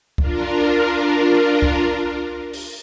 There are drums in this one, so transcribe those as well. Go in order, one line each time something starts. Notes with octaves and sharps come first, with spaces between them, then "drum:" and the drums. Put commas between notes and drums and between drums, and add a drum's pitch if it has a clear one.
D4 F4 A#4, drum: kick C#2
drum: kick C#2
drum: open hi-hat